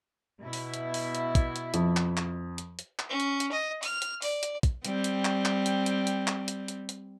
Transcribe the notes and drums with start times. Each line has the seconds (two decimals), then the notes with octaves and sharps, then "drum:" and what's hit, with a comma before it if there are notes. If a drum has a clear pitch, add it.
0.41 B2 E4
0.53 drum: open hi-hat
0.74 drum: hi-hat
0.94 drum: open hi-hat
1.15 drum: hi-hat
1.35 drum: kick, hi-hat
1.56 drum: hi-hat
1.74 F2, drum: hi-hat
1.97 drum: clap
2.17 drum: clap
2.58 drum: hi-hat
2.79 drum: hi-hat
2.99 drum: clap
3.09 C#4
3.20 drum: hi-hat
3.40 drum: hi-hat
3.52 D#5
3.83 F6, drum: open hi-hat
4.02 drum: hi-hat
4.22 D5, drum: open hi-hat
4.43 drum: hi-hat
4.63 drum: kick, hi-hat
4.85 G3 C4, drum: hi-hat
5.04 drum: hi-hat
5.25 drum: clap
5.45 drum: clap
5.66 drum: hi-hat
5.86 drum: hi-hat
6.07 drum: hi-hat
6.27 drum: clap
6.48 drum: hi-hat
6.68 drum: hi-hat
6.89 drum: hi-hat